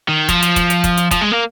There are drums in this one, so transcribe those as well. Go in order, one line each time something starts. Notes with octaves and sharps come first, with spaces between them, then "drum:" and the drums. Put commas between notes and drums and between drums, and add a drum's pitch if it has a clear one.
D#3
F3, drum: kick, hi-hat
drum: hi-hat
drum: kick, hi-hat
drum: hi-hat
drum: kick, hi-hat
drum: hi-hat
F3, drum: kick, hi-hat
G#3
A#3